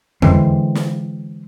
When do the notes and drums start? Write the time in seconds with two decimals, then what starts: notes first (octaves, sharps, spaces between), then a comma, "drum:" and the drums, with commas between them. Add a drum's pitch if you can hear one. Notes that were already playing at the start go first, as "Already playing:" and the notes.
0.22 D3 E3 G#3 C4, drum: tom E2
0.75 drum: snare